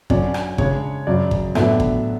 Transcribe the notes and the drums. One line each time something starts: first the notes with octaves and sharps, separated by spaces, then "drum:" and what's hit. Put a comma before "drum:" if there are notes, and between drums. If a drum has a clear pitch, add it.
F#2 D3 F#3 C#4 D5, drum: kick
drum: rim click
C#3 G#3 D4 C#5, drum: kick
F#2 C#3 F#3 D5
drum: kick
A2 F#3 B3 D4 E4 E5, drum: rim click
drum: kick